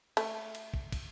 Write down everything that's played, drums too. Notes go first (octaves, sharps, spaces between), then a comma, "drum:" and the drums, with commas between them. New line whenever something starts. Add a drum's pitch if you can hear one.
A3, drum: cymbal
drum: cymbal
drum: kick
drum: kick, cymbal